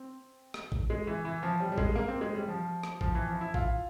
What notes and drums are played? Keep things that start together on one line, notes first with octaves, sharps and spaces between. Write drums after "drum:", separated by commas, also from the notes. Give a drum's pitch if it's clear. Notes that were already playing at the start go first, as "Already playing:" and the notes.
Already playing: C4
drum: rim click
drum: kick A#1
G#3
E3
E3
F3
G3
G3
G#3, drum: kick A#1
A#3
C4
G#3
G3
F3
drum: rim click
F3, drum: kick A#1
E3
F3
E4
F4, drum: kick A#1